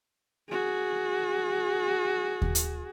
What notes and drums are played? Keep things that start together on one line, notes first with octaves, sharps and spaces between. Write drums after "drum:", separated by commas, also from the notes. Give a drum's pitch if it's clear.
F#4 G#4
drum: kick D#2
drum: hi-hat